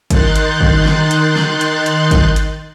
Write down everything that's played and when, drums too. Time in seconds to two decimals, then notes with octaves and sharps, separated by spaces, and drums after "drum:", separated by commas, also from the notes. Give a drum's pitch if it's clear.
0.10 D#3 D#4 C6 F#6 G6 A6, drum: kick, hi-hat
0.36 drum: hi-hat
0.61 drum: kick
0.86 drum: snare
1.11 drum: hi-hat
1.36 drum: snare
1.61 drum: hi-hat
1.86 drum: hi-hat
2.11 drum: kick, hi-hat
2.36 drum: hi-hat